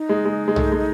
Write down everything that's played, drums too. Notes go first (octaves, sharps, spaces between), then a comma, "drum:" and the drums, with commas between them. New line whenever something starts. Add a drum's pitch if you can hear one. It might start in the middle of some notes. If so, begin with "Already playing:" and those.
Already playing: D#4
G#3
G#3
G#3
A3, drum: tom B1
G#3